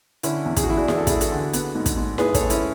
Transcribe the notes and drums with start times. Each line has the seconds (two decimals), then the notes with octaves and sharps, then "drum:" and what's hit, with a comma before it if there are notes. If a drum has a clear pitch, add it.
0.23 D3 C#4 E4, drum: hi-hat
0.45 E2
0.57 G#4, drum: kick, hi-hat
0.64 F#4
0.67 E2 E4
0.77 D4 F#4
0.88 E2 G#4, drum: snare E4
0.98 A4
1.07 E2 E4 G#4, drum: kick, hi-hat
1.21 F#4 A4, drum: hi-hat
1.32 D3
1.53 B3, drum: hi-hat
1.75 G#2
1.86 drum: kick, hi-hat
1.97 G#2
2.18 G#2 G#4 B4, drum: snare E4
2.35 A4 C#5, drum: kick, hi-hat
2.40 G#2
2.50 C#4 E4, drum: hi-hat